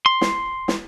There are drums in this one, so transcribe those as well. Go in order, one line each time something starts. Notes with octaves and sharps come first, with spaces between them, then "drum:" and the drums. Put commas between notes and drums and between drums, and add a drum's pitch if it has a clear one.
C6
drum: snare
drum: snare